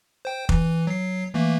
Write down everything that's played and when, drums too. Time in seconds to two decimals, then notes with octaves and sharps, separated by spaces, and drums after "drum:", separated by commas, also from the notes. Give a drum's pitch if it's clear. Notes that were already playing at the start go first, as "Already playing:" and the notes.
0.25 C5 G5
0.49 E3, drum: kick F1
0.87 F#3 C7
1.34 E3 A3 A#3